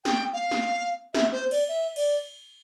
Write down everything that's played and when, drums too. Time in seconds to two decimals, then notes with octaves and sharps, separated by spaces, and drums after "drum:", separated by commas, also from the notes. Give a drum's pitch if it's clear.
0.05 G5, drum: snare
0.33 F5
0.51 drum: snare
1.14 E5, drum: snare
1.32 C5
1.51 D5, drum: cymbal
1.68 E5
1.96 D5, drum: cymbal